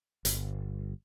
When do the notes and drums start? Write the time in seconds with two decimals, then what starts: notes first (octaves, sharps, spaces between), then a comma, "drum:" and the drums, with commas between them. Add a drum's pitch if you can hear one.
0.25 G1, drum: hi-hat